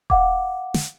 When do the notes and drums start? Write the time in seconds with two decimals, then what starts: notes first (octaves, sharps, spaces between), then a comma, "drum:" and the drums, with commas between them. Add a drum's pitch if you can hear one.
0.10 F5 F#5 D6, drum: kick D#1
0.74 drum: snare